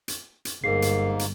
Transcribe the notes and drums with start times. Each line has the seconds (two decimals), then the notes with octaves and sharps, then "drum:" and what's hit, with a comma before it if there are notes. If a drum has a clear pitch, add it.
0.08 drum: hi-hat
0.45 drum: hi-hat
0.64 G1 G#2 A#3 G#4 A#4 C7
0.82 drum: hi-hat
1.19 drum: hi-hat